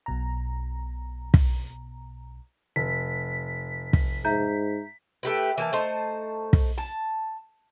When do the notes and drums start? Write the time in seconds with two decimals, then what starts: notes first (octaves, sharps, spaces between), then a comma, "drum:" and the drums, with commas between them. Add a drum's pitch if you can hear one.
0.06 B1 B2 A#5
1.34 drum: kick
2.76 F1 B6
3.93 drum: kick
4.25 G#2 E5 A#5 G6
5.23 A3 G4 B4
5.58 E3 A#3 A5
5.73 A3 D#4 C5 A5
6.53 drum: kick
6.78 A5